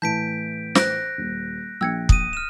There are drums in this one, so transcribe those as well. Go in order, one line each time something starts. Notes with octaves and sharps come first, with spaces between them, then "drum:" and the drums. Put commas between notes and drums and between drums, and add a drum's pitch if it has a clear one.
A2 E3 A5 G6 B6 D7
C5 F#6 A#6 D7, drum: snare
D#1
A#1 G5 E6 G#6 C#7
D#6 D#7, drum: kick
F6 E7